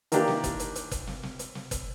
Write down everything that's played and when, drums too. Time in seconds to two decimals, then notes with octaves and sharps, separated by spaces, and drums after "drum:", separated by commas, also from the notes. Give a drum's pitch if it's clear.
0.12 D#3 E3 A#3 D4 G4, drum: hi-hat
0.28 drum: snare
0.44 drum: kick F#1, hi-hat
0.60 drum: hi-hat
0.75 drum: hi-hat
0.91 drum: kick F#1, hi-hat
1.07 drum: snare
1.23 drum: snare
1.39 drum: hi-hat
1.55 drum: snare
1.71 drum: kick F#1, hi-hat